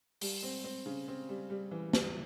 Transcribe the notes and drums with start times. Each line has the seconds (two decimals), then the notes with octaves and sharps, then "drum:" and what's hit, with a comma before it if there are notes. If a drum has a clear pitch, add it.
0.21 G3, drum: open hi-hat
0.43 C4
0.64 C4
0.86 C#3
1.08 C4
1.29 G3
1.50 G3
1.71 E3
1.93 G3, drum: snare